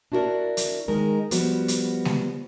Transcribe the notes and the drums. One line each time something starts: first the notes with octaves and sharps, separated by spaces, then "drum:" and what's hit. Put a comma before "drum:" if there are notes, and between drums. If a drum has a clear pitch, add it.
D4 E4 F#4 G4 A#4 D5
drum: hi-hat
D#3 G#3 A#4
F3 G3 B3 F#4, drum: hi-hat
drum: hi-hat
drum: snare G#3